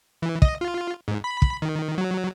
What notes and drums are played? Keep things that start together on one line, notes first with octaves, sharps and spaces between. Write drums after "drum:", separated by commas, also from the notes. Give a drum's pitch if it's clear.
E3
D#5, drum: kick
F4
G#2
B5
drum: kick
D#3
F#3